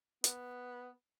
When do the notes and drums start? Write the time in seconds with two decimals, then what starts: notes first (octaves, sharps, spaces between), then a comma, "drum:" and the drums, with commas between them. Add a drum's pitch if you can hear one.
0.24 B3, drum: hi-hat